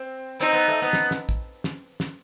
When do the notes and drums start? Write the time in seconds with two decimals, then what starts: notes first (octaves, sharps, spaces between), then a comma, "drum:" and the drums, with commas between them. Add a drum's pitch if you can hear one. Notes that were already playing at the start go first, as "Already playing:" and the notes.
Already playing: C4
0.40 C4 D#4
0.53 B3
0.68 A3
0.82 B3
0.93 drum: snare
1.11 drum: snare
1.29 drum: kick
1.64 drum: snare
2.00 drum: snare